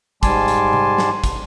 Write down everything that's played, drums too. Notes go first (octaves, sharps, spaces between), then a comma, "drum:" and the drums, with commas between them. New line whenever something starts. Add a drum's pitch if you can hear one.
G#2 G3 G#5 A5 C6 D6, drum: kick, hi-hat
drum: hi-hat
drum: tom C3
drum: snare
drum: kick, hi-hat